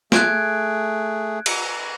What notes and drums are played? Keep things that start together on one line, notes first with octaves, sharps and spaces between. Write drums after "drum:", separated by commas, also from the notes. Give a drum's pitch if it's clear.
A3 G#4 F#6 G#6 D7, drum: snare
drum: cymbal